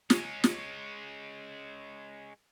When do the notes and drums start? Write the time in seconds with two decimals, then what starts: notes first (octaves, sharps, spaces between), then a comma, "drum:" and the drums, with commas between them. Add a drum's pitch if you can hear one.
0.10 G#3 C#4, drum: snare
0.44 drum: snare